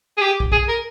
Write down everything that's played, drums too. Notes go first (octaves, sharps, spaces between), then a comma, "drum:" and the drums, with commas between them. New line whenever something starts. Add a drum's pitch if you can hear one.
G#4
G4
drum: kick
G#4, drum: kick
A#4